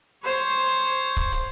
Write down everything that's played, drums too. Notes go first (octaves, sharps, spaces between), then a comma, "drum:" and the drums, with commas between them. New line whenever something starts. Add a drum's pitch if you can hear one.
C5 C#5
drum: kick C#1
drum: hi-hat